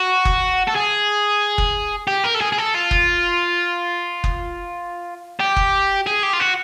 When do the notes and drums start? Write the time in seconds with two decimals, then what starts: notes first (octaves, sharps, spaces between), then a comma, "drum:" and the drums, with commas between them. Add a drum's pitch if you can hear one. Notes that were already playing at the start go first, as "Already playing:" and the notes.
Already playing: F#4
0.25 drum: kick F#1
0.67 A4
0.75 G#4
1.58 drum: kick F#1
2.07 G4
2.24 A#4
2.35 A4
2.41 G#4
2.52 G#4
2.58 A4
2.75 F4
2.91 drum: kick F#1
4.24 drum: kick F#1
5.40 G4
5.56 drum: kick F#1
6.06 G#4
6.23 G4
6.33 F4
6.40 F#4